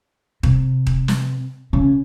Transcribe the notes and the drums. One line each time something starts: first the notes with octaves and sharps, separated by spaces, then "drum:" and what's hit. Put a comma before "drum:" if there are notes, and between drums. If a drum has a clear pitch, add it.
C3, drum: kick D#1
drum: kick D#1
drum: snare
C#3